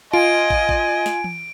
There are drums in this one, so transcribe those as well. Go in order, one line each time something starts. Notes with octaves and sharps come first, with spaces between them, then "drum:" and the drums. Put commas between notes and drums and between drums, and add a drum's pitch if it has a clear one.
F4 D#5 G#5 D7
drum: kick
drum: kick
drum: snare
drum: tom E3